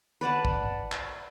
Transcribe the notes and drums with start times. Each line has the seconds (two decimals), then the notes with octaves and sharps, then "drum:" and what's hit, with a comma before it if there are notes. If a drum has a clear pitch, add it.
0.21 B4 D5 F#5 A5
0.45 drum: kick
0.92 drum: clap